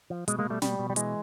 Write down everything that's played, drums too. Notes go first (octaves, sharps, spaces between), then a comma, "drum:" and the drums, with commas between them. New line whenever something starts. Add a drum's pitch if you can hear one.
F3
B2 G#3, drum: hi-hat
G#3 A#3
B2
G3 A3
B2 G3, drum: snare
B2
G3
E3 G#3, drum: hi-hat